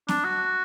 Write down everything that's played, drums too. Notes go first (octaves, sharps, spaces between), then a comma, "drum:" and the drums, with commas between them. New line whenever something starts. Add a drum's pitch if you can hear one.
D4, drum: snare
F#4